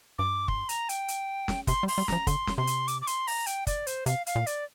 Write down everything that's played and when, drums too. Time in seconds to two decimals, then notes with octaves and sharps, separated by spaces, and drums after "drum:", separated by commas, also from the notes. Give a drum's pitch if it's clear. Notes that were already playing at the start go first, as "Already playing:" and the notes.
0.18 G2 D6
0.48 C6, drum: kick
0.69 A#5, drum: hi-hat
0.89 G5, drum: hi-hat
1.08 drum: hi-hat
1.48 drum: snare
1.67 C3 C6, drum: kick, hi-hat
1.83 G3
1.88 C6, drum: open hi-hat
1.98 G3
2.08 F3 A#5, drum: snare
2.27 D3 C6, drum: kick, hi-hat
2.47 drum: snare
2.57 C3 C6
2.67 drum: hi-hat
2.88 D6, drum: hi-hat
3.02 D6
3.07 C6, drum: hi-hat
3.27 A#5, drum: open hi-hat
3.46 G5, drum: hi-hat
3.67 D5, drum: kick, hi-hat
3.87 C5, drum: hi-hat
4.06 C3 F5, drum: hi-hat
4.26 F5, drum: hi-hat
4.36 A#2
4.47 D5, drum: hi-hat